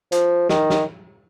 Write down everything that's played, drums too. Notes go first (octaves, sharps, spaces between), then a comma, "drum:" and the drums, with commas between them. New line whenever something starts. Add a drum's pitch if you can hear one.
F3, drum: hi-hat
D#3, drum: snare
drum: snare